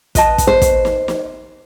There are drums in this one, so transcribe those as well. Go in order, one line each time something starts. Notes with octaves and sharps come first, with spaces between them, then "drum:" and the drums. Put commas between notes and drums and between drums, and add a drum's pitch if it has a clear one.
B4 D#5 A5, drum: kick, hi-hat
drum: kick, hi-hat
C5
drum: kick, hi-hat
drum: snare
drum: snare